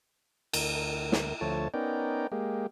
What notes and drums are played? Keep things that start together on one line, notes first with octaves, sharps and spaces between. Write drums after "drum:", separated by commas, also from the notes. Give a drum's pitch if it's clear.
D2 A#4, drum: cymbal
drum: snare
D2 F3 A3 C#5 A5
B3 C#4 D#4 A#4 D5 G5
G#3 A#3 G4